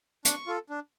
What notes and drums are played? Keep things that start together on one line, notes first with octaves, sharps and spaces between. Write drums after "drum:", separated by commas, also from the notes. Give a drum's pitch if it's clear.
D4 C#6, drum: hi-hat
F4 A4
D4